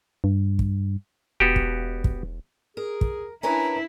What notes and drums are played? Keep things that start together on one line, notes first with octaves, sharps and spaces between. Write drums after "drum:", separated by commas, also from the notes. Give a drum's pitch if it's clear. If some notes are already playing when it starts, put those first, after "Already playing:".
G2
drum: kick
E1 B3 F#4 G4
drum: kick
drum: kick
G#4 A#4
drum: kick
C#4 D4 E4 A#4 B4 A#5